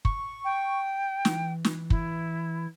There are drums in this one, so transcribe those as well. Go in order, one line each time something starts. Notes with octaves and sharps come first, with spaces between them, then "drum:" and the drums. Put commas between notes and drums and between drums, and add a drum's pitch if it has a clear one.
C#6, drum: kick
G5
E3, drum: snare
drum: snare
E4, drum: kick